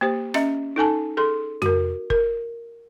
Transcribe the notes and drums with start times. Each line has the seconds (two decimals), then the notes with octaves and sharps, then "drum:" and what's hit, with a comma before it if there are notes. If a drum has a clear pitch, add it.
0.01 A#3 G4 C5
0.34 C#4 D#5 E5, drum: rim click
0.76 D#4 A4 G#5 A5
1.17 G#4 A4 C6
1.62 F#4 A#4, drum: tom F2
2.10 A#4, drum: kick F#1